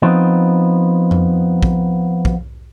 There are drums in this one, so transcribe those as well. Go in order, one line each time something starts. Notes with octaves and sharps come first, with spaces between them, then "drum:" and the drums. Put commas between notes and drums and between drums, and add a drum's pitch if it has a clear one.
F3 B3 C4 D#4
drum: tom F2
drum: kick
drum: kick